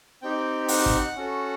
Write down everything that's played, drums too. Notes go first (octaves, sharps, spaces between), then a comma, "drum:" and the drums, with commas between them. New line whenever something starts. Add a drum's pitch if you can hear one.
C4 D#4 G4 G5
F#5, drum: open hi-hat
drum: kick
C#4 F#4 A4